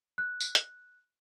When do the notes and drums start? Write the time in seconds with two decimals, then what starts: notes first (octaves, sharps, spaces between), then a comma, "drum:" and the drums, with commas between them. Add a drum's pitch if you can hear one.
0.18 F#6
0.40 drum: tambourine
0.55 drum: hi-hat